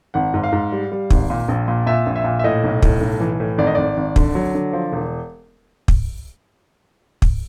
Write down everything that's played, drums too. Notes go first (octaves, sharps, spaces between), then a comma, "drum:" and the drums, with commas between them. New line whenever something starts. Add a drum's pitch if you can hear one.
G#1 F#5
G#2
F5
G#2
G3
G3
G#1, drum: kick
A#2
A#1
A#2
A#2 E5
A#1
E5
A#2
E5
A2 D#5
B1
A2, drum: kick
B1
E3
A2
G#1 D5
D#5
G#1 D5
G#1
D3, drum: kick
F#3
D3
F3
E1
drum: kick
drum: kick